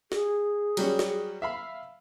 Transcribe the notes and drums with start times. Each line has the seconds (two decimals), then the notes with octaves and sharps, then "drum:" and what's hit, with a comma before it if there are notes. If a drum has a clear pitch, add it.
0.12 G#4, drum: snare
0.77 F#3 G3 C#4, drum: cymbal
0.99 drum: snare
1.42 E5 F5 B5